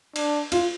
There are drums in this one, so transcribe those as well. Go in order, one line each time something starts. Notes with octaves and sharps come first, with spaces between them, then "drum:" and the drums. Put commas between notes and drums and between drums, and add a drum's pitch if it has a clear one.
D4, drum: cymbal
F4, drum: cymbal